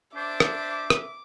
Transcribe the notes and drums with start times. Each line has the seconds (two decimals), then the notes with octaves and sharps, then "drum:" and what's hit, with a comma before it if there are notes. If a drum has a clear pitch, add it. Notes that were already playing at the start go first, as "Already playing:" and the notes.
0.15 D4 C5 E5 D6
0.40 drum: rim click
0.90 drum: rim click